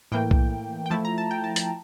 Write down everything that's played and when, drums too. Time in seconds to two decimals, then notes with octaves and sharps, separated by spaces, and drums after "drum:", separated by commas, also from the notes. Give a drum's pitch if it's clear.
0.12 A2 E3 A#3 G5
0.31 drum: kick B1
0.86 G5
0.90 F3 A3 E4 A5
1.05 A#5
1.18 A5
1.31 G5
1.44 A5
1.56 A5, drum: hi-hat